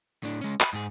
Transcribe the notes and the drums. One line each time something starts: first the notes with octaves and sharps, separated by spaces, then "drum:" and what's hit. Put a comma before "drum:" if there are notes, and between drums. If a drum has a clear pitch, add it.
A2 D4
G#3 C#4
B5, drum: clap
G#2 G#4